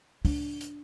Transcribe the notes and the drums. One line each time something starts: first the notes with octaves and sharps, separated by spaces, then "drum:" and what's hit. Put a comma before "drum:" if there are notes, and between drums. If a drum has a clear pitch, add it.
D4, drum: kick C#2, open hi-hat
drum: hi-hat